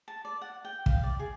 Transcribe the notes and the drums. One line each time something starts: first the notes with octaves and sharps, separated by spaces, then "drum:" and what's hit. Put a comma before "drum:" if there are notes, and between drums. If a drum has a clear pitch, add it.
A5
D5
F#5
G5
F5, drum: kick
D5
G#4